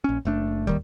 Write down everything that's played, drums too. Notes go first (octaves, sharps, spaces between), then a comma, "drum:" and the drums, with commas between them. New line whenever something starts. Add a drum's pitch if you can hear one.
A#1 C#4
F#1 A3 D4
D#2 D#3 G3, drum: kick